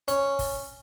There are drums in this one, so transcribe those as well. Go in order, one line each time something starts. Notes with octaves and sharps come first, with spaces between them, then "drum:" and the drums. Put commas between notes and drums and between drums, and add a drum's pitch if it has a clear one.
C#4, drum: hi-hat
drum: kick, open hi-hat